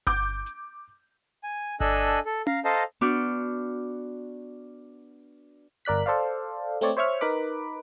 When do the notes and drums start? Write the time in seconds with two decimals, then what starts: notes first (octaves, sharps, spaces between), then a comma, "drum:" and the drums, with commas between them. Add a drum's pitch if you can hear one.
0.07 D6 G6, drum: kick G1
0.46 drum: hi-hat
1.43 G#5
1.80 D4 A4 D#5 G#5 E6 F#6, drum: kick G1
2.25 A4
2.47 F5 A#5, drum: tom C#4
2.65 A4 C5 D#5 F5 A5 A#5
3.01 B3 D4 F#4 D6 F6 G6
5.85 G1 A#4 D5 F#6 B6
6.06 A4 C5 D5 F5
6.81 A3 C4 C#5 D5
6.97 C5 C#5 E5 C#6 F6
7.21 D#4 A#4 B4 B5 D6